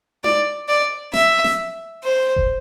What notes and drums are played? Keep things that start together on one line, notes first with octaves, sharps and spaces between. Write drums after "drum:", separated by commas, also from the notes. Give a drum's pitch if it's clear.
D5, drum: tom D#4
D5
E5, drum: snare
drum: snare
C5
drum: kick F1